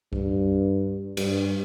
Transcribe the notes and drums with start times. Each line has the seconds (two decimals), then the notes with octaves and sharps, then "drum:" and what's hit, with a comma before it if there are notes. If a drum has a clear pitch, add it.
0.13 G2, drum: kick C2
1.17 G2, drum: cymbal